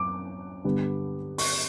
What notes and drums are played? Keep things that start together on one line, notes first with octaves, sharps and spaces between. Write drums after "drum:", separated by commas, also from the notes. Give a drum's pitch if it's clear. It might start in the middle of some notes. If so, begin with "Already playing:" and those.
Already playing: F#2 D6
G2 D3 G3 B3
C#6, drum: open hi-hat